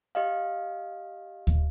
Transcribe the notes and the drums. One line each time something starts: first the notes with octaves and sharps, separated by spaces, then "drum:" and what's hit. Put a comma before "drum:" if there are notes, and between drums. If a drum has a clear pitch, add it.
G4 D#5 F5
drum: kick D2